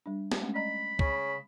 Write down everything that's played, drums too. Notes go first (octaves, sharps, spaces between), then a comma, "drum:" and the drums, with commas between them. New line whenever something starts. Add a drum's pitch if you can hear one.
G3 D4
drum: snare
G#3 A3 C#4
D5 D#5 A#5 B5
C#3, drum: kick